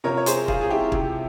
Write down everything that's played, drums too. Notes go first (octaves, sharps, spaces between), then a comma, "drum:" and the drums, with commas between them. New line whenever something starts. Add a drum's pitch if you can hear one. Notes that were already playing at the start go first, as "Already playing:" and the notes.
C3 F3 A#4 C#5
C#5
G#4 C5, drum: hi-hat
F4 G#4, drum: kick
G#4
E4 G4
C3 F3, drum: kick